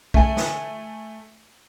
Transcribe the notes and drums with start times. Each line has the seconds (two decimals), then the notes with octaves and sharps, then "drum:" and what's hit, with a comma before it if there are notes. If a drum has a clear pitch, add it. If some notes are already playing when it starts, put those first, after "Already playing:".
0.14 A3 G#5, drum: kick
0.37 drum: snare